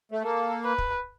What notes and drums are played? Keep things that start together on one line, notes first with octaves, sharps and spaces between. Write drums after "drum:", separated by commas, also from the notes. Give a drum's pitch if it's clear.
A3
A#3 A4
B4
drum: kick